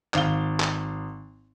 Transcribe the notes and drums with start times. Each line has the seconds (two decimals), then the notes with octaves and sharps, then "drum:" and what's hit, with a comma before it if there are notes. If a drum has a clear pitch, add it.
0.14 G#1 F5 G7, drum: clap
0.60 drum: clap